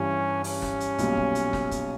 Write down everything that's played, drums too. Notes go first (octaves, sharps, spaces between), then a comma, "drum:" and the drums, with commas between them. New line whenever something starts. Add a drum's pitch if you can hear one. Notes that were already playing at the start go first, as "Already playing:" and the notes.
Already playing: G2 E3 G3 C#4
C#4, drum: open hi-hat
drum: snare
drum: hi-hat
B1 A#2 G3, drum: hi-hat
drum: kick
drum: hi-hat
drum: snare
drum: kick, hi-hat